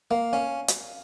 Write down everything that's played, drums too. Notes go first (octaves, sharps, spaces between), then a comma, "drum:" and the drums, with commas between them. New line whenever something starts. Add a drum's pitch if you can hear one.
A#3 F5
C#4 F5
drum: hi-hat